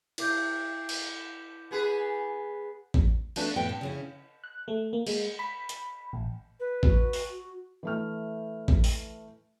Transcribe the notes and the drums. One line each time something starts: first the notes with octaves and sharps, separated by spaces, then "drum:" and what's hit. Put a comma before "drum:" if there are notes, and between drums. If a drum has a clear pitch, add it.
E4 D6 G6, drum: cymbal
drum: cymbal
B3 G#4 B4
drum: kick A1
A3 B3 D4 B4 D5 A5, drum: cymbal
F#2 A2 B3 B4 G5
G2
C#3 C#4 E4
F#6
A3
A#3
G#3, drum: cymbal
B5
drum: hi-hat
A1
B4
F#4, drum: kick A1
drum: open hi-hat
E3 A3 F6
drum: kick A1
drum: open hi-hat